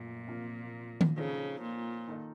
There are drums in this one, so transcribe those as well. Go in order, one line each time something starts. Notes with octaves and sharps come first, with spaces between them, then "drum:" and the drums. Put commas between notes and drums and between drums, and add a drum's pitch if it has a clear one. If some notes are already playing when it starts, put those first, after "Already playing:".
Already playing: F#2 A#2 F3 A3
C3 F3 A#3
drum: tom D#3
C#3 F3 C4 D#4 A4 C#5
A#2
D#3 A#3 D#4 A4 D#5